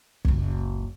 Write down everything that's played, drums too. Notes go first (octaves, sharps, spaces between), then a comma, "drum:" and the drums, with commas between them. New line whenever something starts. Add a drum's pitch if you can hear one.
F#1 C#2, drum: kick